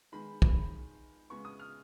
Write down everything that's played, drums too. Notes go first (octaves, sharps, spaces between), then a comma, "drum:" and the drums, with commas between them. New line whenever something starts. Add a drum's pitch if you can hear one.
D#3 G#3 B3 B5
B5, drum: kick
C#3 G#3 B3 C#6
D#6
F6